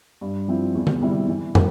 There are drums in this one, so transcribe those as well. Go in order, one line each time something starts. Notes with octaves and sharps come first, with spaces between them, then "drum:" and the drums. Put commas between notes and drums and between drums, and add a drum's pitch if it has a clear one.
G2
F3 C4 E4
E2
drum: tom
C3 G3 C4 E4
E3
A#3, drum: tom